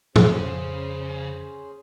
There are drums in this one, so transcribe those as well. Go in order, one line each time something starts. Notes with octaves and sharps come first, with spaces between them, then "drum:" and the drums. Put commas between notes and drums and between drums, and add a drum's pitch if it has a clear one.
F2 C#3 C#4 G#4 C5, drum: tom